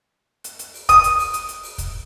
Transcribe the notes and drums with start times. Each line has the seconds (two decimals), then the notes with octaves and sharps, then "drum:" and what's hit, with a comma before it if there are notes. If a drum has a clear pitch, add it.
0.44 drum: hi-hat
0.59 drum: hi-hat
0.74 drum: open hi-hat
0.89 D#6, drum: kick, hi-hat
1.04 drum: hi-hat
1.19 drum: open hi-hat
1.34 drum: hi-hat
1.48 drum: hi-hat
1.63 drum: open hi-hat
1.78 drum: kick, hi-hat